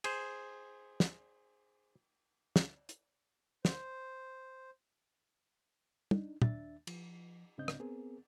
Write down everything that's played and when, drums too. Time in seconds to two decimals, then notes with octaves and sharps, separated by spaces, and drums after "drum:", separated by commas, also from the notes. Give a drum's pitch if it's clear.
0.04 G#4 C5, drum: cymbal
1.00 drum: snare
2.56 drum: snare
2.89 drum: hi-hat
3.65 C5, drum: snare
6.11 D4 D#4, drum: tom
6.42 D#2 D4 E5 A6, drum: tom
6.87 F3, drum: cymbal
7.58 G#2 C#3 C4 D4 D#5 G6
7.68 drum: rim click
7.80 B3 C4 G#4 A#4